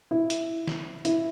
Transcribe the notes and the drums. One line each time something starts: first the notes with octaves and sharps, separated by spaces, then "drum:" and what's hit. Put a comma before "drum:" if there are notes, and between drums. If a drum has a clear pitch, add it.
E4
drum: hi-hat
drum: snare
E4, drum: hi-hat